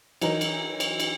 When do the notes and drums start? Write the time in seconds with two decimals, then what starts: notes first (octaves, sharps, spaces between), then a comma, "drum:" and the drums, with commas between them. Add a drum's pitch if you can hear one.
0.22 E3 F#3 D#4 A#4, drum: cymbal
0.41 drum: cymbal
0.80 drum: cymbal
1.00 drum: cymbal